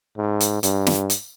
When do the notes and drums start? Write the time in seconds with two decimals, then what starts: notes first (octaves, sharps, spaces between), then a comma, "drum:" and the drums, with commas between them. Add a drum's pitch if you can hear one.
0.17 G#2
0.40 drum: hi-hat
0.63 G2, drum: hi-hat
0.87 drum: snare
1.10 drum: hi-hat